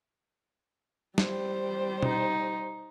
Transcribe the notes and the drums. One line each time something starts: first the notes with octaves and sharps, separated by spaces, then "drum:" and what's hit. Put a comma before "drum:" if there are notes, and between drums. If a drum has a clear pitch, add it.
G3 C5, drum: snare
D#4, drum: tom B2